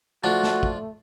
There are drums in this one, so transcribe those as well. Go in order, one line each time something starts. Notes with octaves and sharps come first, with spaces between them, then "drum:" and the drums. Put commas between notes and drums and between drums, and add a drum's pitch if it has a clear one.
F3 A3 D4 F4 F#4
drum: snare
drum: kick